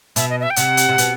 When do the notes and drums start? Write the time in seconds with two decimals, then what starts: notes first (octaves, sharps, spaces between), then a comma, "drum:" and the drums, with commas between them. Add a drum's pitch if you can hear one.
0.16 B2 E5, drum: hi-hat
0.30 D#5
0.40 D#5
0.43 E5
0.50 G5
0.56 C3 F#5, drum: hi-hat
0.77 drum: hi-hat
0.89 C3
0.98 B2, drum: hi-hat